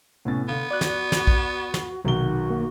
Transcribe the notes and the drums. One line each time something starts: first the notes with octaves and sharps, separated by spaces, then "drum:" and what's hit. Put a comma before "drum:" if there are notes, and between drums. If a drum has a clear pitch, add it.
A2 C3 B3 C#4 A6
D3 B3 F5
F#4 D5 F#6
drum: snare
drum: snare
drum: kick A#1
drum: snare
B1 C3 D#3 F#4 G7
A#3